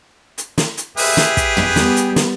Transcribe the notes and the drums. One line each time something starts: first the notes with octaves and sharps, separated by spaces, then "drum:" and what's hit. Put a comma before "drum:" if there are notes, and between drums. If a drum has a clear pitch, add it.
drum: hi-hat
drum: snare
drum: hi-hat
G4 G#4 B4 E5, drum: open hi-hat
drum: snare
drum: kick, hi-hat
drum: tom
G3 B3, drum: snare
drum: hi-hat
drum: snare